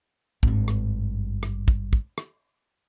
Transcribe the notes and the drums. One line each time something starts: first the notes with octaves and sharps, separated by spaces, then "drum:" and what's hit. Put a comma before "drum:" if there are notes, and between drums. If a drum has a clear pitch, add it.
G#1 G2, drum: kick
drum: rim click
drum: rim click
drum: kick
drum: kick
drum: rim click